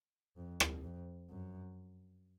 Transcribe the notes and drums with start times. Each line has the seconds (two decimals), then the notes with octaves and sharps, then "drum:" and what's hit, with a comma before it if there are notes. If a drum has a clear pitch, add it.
0.37 F2
0.60 drum: rim click
0.84 F2
1.30 F#2